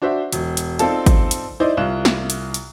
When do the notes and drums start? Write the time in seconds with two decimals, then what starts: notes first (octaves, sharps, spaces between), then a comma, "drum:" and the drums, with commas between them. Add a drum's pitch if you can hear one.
0.02 D4 F#4 C5 E5
0.33 E1, drum: hi-hat
0.57 drum: hi-hat
0.79 C4 D#4 F4 A4 D5 A5, drum: hi-hat
1.06 drum: kick, hi-hat
1.31 drum: hi-hat
1.60 D#4 E4 C5 D5 D#5
1.77 C2 F4 F#6 E7
2.05 drum: snare
2.30 drum: hi-hat
2.54 drum: hi-hat